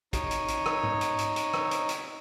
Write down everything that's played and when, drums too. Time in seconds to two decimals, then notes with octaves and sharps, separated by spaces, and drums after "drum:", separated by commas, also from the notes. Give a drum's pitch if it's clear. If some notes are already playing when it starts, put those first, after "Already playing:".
0.13 D#4 C#5, drum: kick, hi-hat
0.31 drum: hi-hat
0.48 drum: hi-hat
0.66 drum: rim click
0.83 drum: tom G#2
1.01 drum: hi-hat
1.18 drum: hi-hat
1.36 drum: hi-hat
1.54 drum: rim click
1.71 drum: hi-hat
1.89 drum: hi-hat